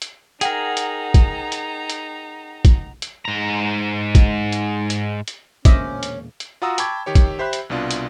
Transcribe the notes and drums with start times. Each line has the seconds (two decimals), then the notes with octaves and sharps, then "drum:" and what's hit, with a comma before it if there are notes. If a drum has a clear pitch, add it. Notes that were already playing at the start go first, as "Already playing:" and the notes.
0.02 drum: hi-hat
0.41 D#4 G#4 A#4 F#5 G5 A#5, drum: hi-hat
0.77 drum: hi-hat
1.14 drum: kick, hi-hat
1.52 drum: hi-hat
1.90 drum: hi-hat
2.65 drum: kick, hi-hat
3.02 drum: hi-hat
3.25 G#2 A#5
4.15 drum: kick, hi-hat
4.52 drum: hi-hat
4.90 drum: hi-hat
5.28 drum: hi-hat
5.65 E1 A#2 D3 C#4 C5 D#5 E5 D6, drum: kick, hi-hat
6.03 drum: hi-hat
6.40 drum: hi-hat
6.62 F4 F#4 F#5 A#5 D#6 E6
6.78 G5 A5 B5 C#6 D6 G#6, drum: hi-hat
7.06 D#3 G4 C#5
7.15 drum: kick, hi-hat
7.39 G4 C5 E5 B5 F#6
7.53 drum: hi-hat
7.70 C2 B2 D4 F4
7.91 drum: hi-hat